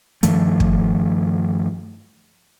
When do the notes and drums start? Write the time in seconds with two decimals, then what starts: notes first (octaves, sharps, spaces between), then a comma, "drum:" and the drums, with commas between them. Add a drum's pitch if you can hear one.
0.23 G2 D#3 F3 A3, drum: hi-hat
0.60 drum: kick